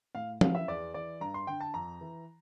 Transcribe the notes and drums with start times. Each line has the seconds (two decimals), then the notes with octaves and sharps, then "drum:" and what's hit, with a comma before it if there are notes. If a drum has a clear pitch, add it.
0.15 A2 F5
0.41 E3 F5, drum: tom F3
0.55 E5
0.68 E2 D5
0.94 E3 D5
1.20 G2 A#5
1.34 C6
1.47 D3 G5
1.60 A5
1.74 F2 A#5
2.01 E3